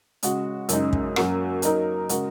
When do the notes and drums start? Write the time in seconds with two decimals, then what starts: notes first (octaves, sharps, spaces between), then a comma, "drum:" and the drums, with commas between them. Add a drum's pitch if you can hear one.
0.23 C#3 G#3 F#4, drum: hi-hat
0.69 F#2 C#3 G#3 D#4, drum: hi-hat
0.93 drum: kick
1.16 F#2 F#3 A#3 F#4, drum: rim click
1.62 F#3 A#3 D#4 A#4, drum: hi-hat
2.09 C#3 G#3 F#4 A#4, drum: hi-hat